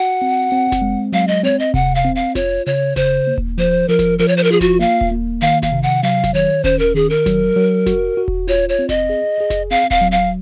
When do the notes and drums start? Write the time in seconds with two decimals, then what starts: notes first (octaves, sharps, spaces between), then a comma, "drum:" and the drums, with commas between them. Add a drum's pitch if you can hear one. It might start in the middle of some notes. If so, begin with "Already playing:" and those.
Already playing: F#4 F#5
0.22 C4
0.52 C4
0.72 drum: snare F1
0.82 G#3
1.13 F#3 F5
1.28 D#5
1.43 C4 C#5
1.59 D#5
1.74 C3 F#5, drum: kick D#1
1.95 F5
2.05 C4
2.16 F5
2.35 F4 C#5, drum: snare F1
2.66 C#3 C#5
2.96 C#3 C5, drum: snare F1
3.27 A#3
3.38 drum: kick D#1
3.58 F3 C5
3.89 F3 A#4
3.99 drum: snare F1
4.19 F3 A#4
4.28 C#5
4.37 C5
4.44 A#4
4.51 F4 G#4
4.61 F#4, drum: snare F1
4.80 A#3 F5
5.01 drum: kick D#1
5.11 A#3
5.42 D#3 F5
5.63 F5, drum: snare F1
5.72 C3
5.83 F#5
6.03 F#3 F5
6.24 drum: snare F1
6.34 D#3 C#5
6.64 C#4 C5, drum: kick D#1
6.79 A#4
6.95 D#3 G#4
7.10 A#4
7.26 F#3, drum: snare F1
7.56 F#3
7.86 F#4, drum: snare F1
8.17 F#4
8.28 drum: kick D#1
8.48 F4 C#5
8.69 C#5
8.79 C4
8.89 D#5, drum: snare F1
9.10 G#4
9.40 G#4
9.50 drum: snare F1
9.71 C4 F5
9.91 F5, drum: kick D#1
10.01 F#3
10.12 F5